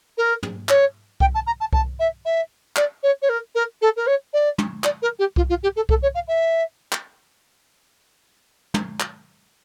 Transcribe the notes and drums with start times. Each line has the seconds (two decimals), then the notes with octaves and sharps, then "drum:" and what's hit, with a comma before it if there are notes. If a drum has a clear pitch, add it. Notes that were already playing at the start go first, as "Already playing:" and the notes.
0.17 A#4
0.43 drum: tom
0.69 C#5, drum: clap
1.20 G5, drum: kick C2
1.34 A5
1.46 A#5
1.60 A5
1.73 A5, drum: kick C2
1.99 E5
2.25 E5
2.76 D5, drum: clap
3.02 C#5
3.21 C#5
3.29 A#4
3.54 A#4
3.81 A4
3.96 A#4
4.06 C#5
4.33 D5
4.58 drum: tom
4.84 D5, drum: clap
5.02 A#4
5.18 G4
5.36 F4, drum: kick C2
5.49 F4
5.63 G4
5.76 A4
5.89 A4, drum: kick C2
6.02 C#5
6.14 F5
6.27 E5
6.92 drum: clap
8.74 drum: tom
9.00 drum: clap